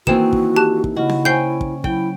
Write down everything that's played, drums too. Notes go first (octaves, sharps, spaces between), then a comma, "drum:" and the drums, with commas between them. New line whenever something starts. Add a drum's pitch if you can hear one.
D#3 E3 A#3 C4 F#4 A#4 E7, drum: kick
drum: kick
G4 A5 F#6 E7
drum: kick
C#3 E4 F#4 D#5
drum: snare C4
C#4 C5 G5 G#5 G6 C7
drum: kick
F#3 E4 G5, drum: kick